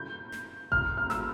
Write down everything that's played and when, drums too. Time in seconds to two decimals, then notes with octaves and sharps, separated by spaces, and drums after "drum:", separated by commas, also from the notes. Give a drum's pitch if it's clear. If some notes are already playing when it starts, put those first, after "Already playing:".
Already playing: G6
0.32 drum: snare
0.72 F6, drum: kick G#1
0.97 F6
1.10 E6, drum: snare